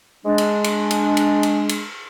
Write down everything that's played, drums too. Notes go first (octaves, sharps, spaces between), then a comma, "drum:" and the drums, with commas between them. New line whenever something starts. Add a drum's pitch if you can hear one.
G#3 D4
drum: cymbal
drum: cymbal
drum: cymbal
drum: cymbal
drum: cymbal
drum: cymbal